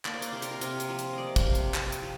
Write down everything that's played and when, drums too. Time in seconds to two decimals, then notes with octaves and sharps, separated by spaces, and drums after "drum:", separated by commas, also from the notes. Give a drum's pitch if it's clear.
0.05 A#3 D5, drum: clap
0.14 C5
0.22 D5, drum: hi-hat
0.33 C3 C5
0.42 A#4, drum: hi-hat
0.51 C5
0.61 C3, drum: hi-hat
0.80 drum: hi-hat
0.89 F3
0.99 drum: hi-hat
1.13 A#3 D5 D#5
1.36 drum: kick, hi-hat
1.46 C3
1.55 drum: hi-hat
1.74 C3, drum: clap
1.92 drum: hi-hat
2.02 F3